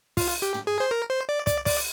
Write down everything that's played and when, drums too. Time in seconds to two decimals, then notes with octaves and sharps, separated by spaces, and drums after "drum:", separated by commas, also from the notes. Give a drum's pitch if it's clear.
0.17 F4, drum: kick, open hi-hat
0.42 G4
0.54 drum: tom
0.67 G#4
0.80 C5
0.91 A#4
1.10 C5
1.29 D5
1.47 D5, drum: kick, hi-hat
1.66 D5, drum: kick, open hi-hat